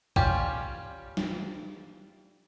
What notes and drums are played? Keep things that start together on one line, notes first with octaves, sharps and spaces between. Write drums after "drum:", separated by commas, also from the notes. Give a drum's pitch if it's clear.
G3 C#4 F4 G4, drum: kick A1
drum: snare